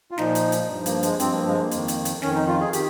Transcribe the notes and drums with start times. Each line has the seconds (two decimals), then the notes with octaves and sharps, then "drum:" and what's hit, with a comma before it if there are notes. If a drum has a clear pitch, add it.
0.11 F4
0.18 A#2 F3 D#4, drum: snare
0.35 drum: hi-hat
0.52 drum: hi-hat
0.69 G2 F3
0.86 A#3, drum: hi-hat
1.03 G#3, drum: hi-hat
1.20 G2 F3 C4, drum: hi-hat
1.33 A#3
1.46 G#3
1.59 A#3
1.71 F2 D#3, drum: hi-hat
1.88 drum: hi-hat
2.05 drum: hi-hat
2.22 F2 D#3 C#4, drum: snare
2.35 D#4
2.47 F4
2.60 G#4
2.73 D#3 G4, drum: hi-hat